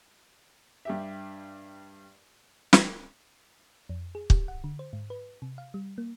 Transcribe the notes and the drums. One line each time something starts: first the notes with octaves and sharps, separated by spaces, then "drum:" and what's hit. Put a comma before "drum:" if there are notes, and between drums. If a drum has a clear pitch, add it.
G2 G4 E5
drum: snare
F2
G#4
G4, drum: kick
F#5
D3
C5
G#2
B4
C3
F5
G3
A#3